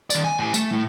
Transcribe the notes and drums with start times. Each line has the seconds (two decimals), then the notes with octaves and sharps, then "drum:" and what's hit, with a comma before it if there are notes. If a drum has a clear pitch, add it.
0.10 D#3 D5, drum: tambourine
0.24 G#5
0.39 A2 G#5
0.54 A3, drum: tambourine
0.72 A2